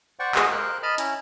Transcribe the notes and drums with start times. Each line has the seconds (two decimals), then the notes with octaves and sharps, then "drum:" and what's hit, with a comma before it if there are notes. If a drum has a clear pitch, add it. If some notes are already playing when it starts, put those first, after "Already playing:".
0.19 C5 D5 F#5 G5 C#6
0.35 G#3 F#4 D#5 F#5 G#5, drum: clap
0.52 A#4 C5 F5 G5 F#6
0.83 D#5 A5 B5 F6
0.98 C#4 E4 A#5, drum: hi-hat